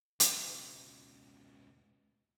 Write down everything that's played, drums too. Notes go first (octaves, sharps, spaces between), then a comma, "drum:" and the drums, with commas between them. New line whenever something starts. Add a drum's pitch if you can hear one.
C#2 B2, drum: hi-hat